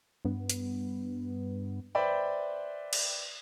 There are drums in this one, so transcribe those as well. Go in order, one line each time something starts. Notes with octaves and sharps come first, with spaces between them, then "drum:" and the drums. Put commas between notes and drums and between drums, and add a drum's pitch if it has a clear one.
G2 B3
drum: hi-hat
B4 C5 D5 E5 G5 B5
drum: cymbal